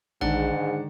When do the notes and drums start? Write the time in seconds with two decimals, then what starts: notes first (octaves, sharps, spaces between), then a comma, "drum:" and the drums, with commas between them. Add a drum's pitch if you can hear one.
0.21 G#2 D3 D#3 G#3 D4 F#5, drum: tom A#1